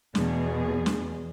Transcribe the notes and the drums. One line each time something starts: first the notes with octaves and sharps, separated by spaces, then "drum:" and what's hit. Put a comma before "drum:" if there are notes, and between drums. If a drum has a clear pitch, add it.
E2 B2 G#4, drum: snare
drum: snare